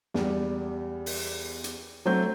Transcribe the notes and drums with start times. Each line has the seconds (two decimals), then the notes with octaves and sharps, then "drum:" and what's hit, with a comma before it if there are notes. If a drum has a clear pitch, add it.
0.14 E2 G3, drum: snare
1.06 drum: open hi-hat
1.64 drum: hi-hat
2.06 F#3 A3 C4 G6